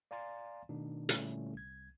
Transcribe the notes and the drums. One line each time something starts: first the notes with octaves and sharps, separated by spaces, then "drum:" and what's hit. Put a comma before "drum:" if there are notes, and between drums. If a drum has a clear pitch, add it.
D5 F5 G#5 A#5 C6 A6
B2 D#3 A3 D4 D#4
A#2 D3 G3 A3 C#4 E4, drum: hi-hat
C2 G#6